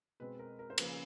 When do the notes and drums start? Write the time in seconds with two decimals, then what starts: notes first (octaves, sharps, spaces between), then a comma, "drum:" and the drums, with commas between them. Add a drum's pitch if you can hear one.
0.20 B2 G#3 C4 B4
0.39 A#4
0.59 A#4
0.70 C5
0.78 C#3 F3 A#3 C#4 B4, drum: cymbal